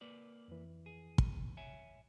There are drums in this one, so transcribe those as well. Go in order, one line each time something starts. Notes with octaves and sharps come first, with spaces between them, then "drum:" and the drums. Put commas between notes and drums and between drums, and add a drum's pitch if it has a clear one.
A#3 B4 D5
F2 E3
G#4
drum: kick
C#5 E5 G#5